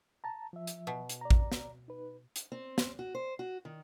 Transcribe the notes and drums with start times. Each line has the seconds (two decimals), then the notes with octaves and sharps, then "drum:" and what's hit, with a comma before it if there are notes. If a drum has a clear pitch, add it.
0.24 A5 A#5
0.53 F3 E5
0.67 drum: hi-hat
0.87 B2
1.09 drum: hi-hat
1.21 D5 A#5
1.31 drum: kick A1
1.52 drum: snare
1.88 D#4 B4
2.36 drum: hi-hat
2.52 C4
2.78 drum: snare
2.99 F#4
3.15 C5
3.39 F#4
3.65 D#3